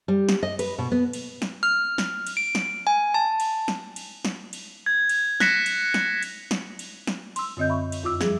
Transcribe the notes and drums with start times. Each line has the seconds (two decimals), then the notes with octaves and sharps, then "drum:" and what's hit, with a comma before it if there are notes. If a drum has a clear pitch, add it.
0.08 G3
0.29 drum: snare
0.43 D#5
0.59 B4, drum: cymbal
0.78 B2
0.92 B3
1.13 drum: cymbal
1.42 drum: snare
1.63 F6
1.98 drum: snare
2.27 drum: cymbal
2.37 D7
2.55 drum: snare
2.87 G#5
3.14 A5
3.40 drum: cymbal
3.68 drum: snare
3.96 drum: cymbal
4.25 drum: snare
4.53 drum: cymbal
4.86 G#6
5.09 drum: cymbal
5.40 F#6 A#6 B6 C#7 E7, drum: snare
5.66 drum: cymbal
5.94 drum: snare
6.23 drum: cymbal
6.51 drum: snare
6.79 drum: cymbal
7.07 drum: snare
7.36 C6 E6, drum: cymbal
7.57 F#2 D3 C4 D#5 G6
7.69 E5 B5 C#6
7.92 drum: cymbal
8.04 F2 F4 D6 E6
8.21 F3 G3 G#4, drum: snare